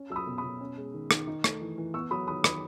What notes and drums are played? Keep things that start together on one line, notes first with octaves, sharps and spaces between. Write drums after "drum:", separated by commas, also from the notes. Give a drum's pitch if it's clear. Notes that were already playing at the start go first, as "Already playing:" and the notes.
Already playing: C#4
F#3 E6
B5 D#6
B2
B5 D#6
B2
C#4
G#3
D#3
D#3, drum: rim click
D#4
A3, drum: rim click
E3
E3
B3 C#6 E6
F#3 B5 D#6
D#3 B5 D#6
D#3 B5 D#6, drum: rim click